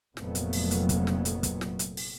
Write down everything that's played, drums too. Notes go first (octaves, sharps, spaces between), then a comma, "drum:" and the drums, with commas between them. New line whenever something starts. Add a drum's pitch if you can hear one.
F1 F2 A#2 F#3 A3 B3, drum: snare
drum: hi-hat
drum: open hi-hat
drum: hi-hat
drum: kick, hi-hat
drum: snare
drum: hi-hat
drum: kick, hi-hat
drum: snare
drum: hi-hat
drum: open hi-hat